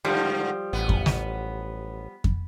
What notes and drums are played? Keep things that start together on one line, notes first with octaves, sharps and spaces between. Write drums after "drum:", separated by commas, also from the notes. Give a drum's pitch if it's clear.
G#2 D3 D#3 F3 G3
A1 B3
drum: kick F2
drum: snare
drum: kick F2